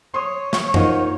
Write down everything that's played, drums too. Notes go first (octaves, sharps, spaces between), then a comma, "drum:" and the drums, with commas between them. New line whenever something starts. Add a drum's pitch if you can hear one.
C#5 C6 D#6
drum: snare
A#3 D#4 F4 F#4 C5, drum: tom F#2